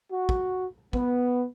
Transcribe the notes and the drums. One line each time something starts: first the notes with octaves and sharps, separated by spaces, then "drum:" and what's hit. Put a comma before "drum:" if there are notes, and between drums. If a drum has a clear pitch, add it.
F#4
drum: kick
B3, drum: kick